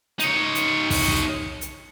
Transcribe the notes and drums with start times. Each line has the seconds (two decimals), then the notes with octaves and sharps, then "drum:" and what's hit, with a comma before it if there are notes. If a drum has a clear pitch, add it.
0.20 D#4 C#5, drum: hi-hat
0.55 drum: hi-hat
0.90 drum: kick, open hi-hat
1.08 drum: kick
1.61 drum: hi-hat